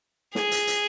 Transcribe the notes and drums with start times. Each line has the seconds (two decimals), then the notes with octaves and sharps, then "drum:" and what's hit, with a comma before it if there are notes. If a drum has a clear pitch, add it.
0.35 G#4, drum: snare
0.52 drum: hi-hat
0.67 drum: hi-hat